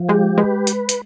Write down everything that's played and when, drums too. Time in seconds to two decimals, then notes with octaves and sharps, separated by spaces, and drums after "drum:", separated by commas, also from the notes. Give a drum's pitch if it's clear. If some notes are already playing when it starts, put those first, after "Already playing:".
Already playing: F3
0.09 G#3 G4
0.38 G#3 B4
0.67 drum: hi-hat
0.89 drum: hi-hat